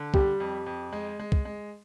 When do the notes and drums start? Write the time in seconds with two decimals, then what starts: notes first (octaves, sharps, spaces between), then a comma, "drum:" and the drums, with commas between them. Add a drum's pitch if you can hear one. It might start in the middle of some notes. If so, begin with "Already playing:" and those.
Already playing: D3
0.14 G3 G4, drum: kick
0.40 F2
0.66 F2
0.93 G#3
1.19 G#3
1.32 drum: kick
1.45 G#3